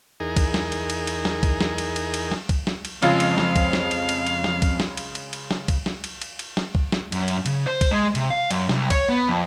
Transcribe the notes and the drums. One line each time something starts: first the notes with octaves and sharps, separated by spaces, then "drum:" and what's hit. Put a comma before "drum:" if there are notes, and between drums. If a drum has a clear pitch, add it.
E2 D#4 G#4 A#4
drum: kick, cymbal
drum: snare
drum: cymbal
drum: cymbal
drum: cymbal
drum: snare
drum: kick, cymbal
drum: snare
drum: cymbal
drum: cymbal
drum: cymbal
drum: snare
drum: kick, cymbal
drum: snare
drum: cymbal
F2 C#3 G#3 F4 F5, drum: cymbal
drum: cymbal
drum: snare
drum: kick, cymbal
drum: snare
drum: cymbal
drum: cymbal
drum: cymbal
drum: snare
drum: kick, cymbal
drum: snare
drum: cymbal
drum: cymbal
drum: cymbal
drum: snare
drum: kick, cymbal
drum: snare
drum: cymbal
drum: cymbal
drum: cymbal
drum: snare
drum: kick
drum: snare
F#2, drum: cymbal
drum: cymbal
C#3, drum: cymbal
C5
drum: kick, cymbal
G#3
C3, drum: cymbal
F5
F#2, drum: cymbal
C2, drum: snare
C#5, drum: kick, cymbal
B3
F2